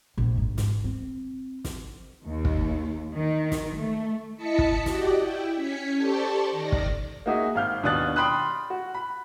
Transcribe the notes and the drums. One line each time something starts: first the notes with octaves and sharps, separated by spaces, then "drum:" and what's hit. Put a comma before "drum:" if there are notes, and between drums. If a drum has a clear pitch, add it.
A#1
G#2
drum: snare
C4
drum: snare
D#2
drum: kick
D#3
drum: snare
A3
E4 D#5 A5 B6 C#7
drum: kick
F#4 G4 D5 D#5, drum: snare
E4 G5
C#4 G#6 B6 C#7
G4 A4 C5 D5 A5 C#6
D#3 D5 A#6
drum: kick
A#3 D#4 F#4 G#4 E5
G#1 F5 F6 G6
D#2 B2 D4 D#6 F#6 A6
G5 B5 C6 D#6 F#6
F#4
B5